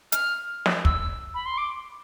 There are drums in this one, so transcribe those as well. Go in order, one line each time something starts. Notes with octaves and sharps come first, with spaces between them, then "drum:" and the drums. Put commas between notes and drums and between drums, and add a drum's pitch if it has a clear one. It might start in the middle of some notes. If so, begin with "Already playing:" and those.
F6, drum: hi-hat
drum: snare
E6, drum: kick
B5
C6
D6